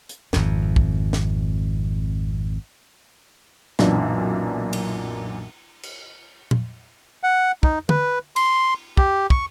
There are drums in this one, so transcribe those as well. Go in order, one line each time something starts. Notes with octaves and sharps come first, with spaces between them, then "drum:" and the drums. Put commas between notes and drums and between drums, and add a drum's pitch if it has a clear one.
drum: hi-hat
G#1 F2, drum: snare
drum: kick
drum: snare
B1 F#2 A#2 E3 D4, drum: snare
drum: cymbal
drum: cymbal
drum: tom A#2
F#5
D#4, drum: kick
B4, drum: tom
C6, drum: cymbal
G4, drum: kick
C#6, drum: kick